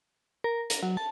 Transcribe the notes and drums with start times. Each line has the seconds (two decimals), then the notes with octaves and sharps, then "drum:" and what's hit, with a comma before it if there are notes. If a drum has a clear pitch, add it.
0.44 A#4
0.70 A#4, drum: hi-hat
0.83 F#3
0.97 A5